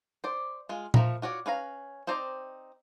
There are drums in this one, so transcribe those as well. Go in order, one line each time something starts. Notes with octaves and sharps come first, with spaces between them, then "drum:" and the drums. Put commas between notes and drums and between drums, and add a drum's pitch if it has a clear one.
C5 D5
G#3 F4
F3 A3 A#4 A#5 B5, drum: tom A#2
F4 F#4 C#5 D5
C#4 B4 F5 A#5
C4 D#4 C5 D5 A#5